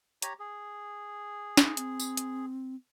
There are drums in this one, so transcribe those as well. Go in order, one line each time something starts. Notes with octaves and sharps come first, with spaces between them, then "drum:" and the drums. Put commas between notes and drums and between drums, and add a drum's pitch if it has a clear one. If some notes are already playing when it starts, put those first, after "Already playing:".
G4 C#5 A#5, drum: hi-hat
G#4
D#4, drum: snare
C4, drum: hi-hat
drum: tambourine
drum: hi-hat